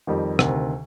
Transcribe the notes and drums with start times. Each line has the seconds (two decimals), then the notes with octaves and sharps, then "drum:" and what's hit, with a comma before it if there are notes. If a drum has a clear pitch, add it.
0.07 F2 D#3 G3
0.39 D2 C3 D#3, drum: rim click